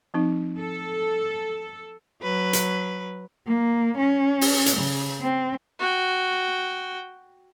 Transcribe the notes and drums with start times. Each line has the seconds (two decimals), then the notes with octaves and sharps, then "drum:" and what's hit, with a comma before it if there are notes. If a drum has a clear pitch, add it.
0.14 F3 C4 D#4
0.58 A4
2.22 F#3 B4
2.53 drum: hi-hat
3.47 A#3
3.97 C#4
4.41 drum: open hi-hat
4.66 drum: hi-hat
4.77 C#3
5.21 C4
5.80 F#4 G5